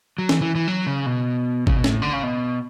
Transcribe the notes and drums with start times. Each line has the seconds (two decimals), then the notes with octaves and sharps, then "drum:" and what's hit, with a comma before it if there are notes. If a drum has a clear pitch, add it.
0.18 F#3
0.29 E3, drum: snare
0.41 E3
0.55 E3
0.68 F#3
0.87 C#3
1.06 B2
1.67 C#3, drum: kick G#1
1.76 B2
1.84 A2, drum: snare
2.02 D3
2.13 C#3
2.23 B2